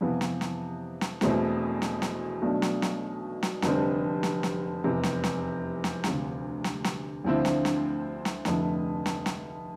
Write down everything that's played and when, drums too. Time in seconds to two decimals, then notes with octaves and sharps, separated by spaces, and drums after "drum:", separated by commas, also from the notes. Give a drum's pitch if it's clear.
0.01 F2 C3 E3 B3 F4
0.21 drum: snare
0.41 drum: snare
1.01 drum: snare
1.21 E1 E2 B2 A3 C4, drum: snare
1.82 drum: snare
2.02 drum: snare
2.42 B1 B2 A3 D4
2.62 drum: snare
2.82 drum: snare
3.43 drum: snare
3.62 F1 F2 D3 G3 C4, drum: snare
4.23 drum: snare
4.43 drum: snare
4.84 F1 E2 C3
5.03 drum: snare
5.24 drum: snare
5.84 drum: snare
6.04 D2 C3 F3, drum: snare
6.64 drum: snare
6.84 drum: snare
7.24 D2 D3 F3 C4 E4
7.45 drum: snare
7.65 drum: snare
8.25 drum: snare
8.45 F1 F2 D3 A3 E4, drum: snare
9.06 drum: snare
9.26 drum: snare